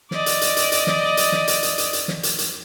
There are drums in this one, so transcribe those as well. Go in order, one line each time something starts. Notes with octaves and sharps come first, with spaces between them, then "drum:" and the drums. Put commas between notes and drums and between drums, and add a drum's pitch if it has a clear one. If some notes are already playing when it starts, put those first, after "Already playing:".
D5 D#5, drum: snare
drum: hi-hat
drum: hi-hat
drum: hi-hat
drum: hi-hat
drum: snare
drum: hi-hat
drum: snare
drum: hi-hat
drum: hi-hat
drum: hi-hat
drum: hi-hat
drum: snare
drum: hi-hat
drum: hi-hat